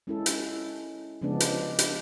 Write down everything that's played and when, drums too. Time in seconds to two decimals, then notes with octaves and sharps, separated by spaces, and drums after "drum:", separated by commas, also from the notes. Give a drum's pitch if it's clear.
0.07 G#3 C#4 E4 A4
0.26 drum: hi-hat
1.21 C#3 F3 G#3 B3 D4
1.40 drum: hi-hat
1.79 drum: hi-hat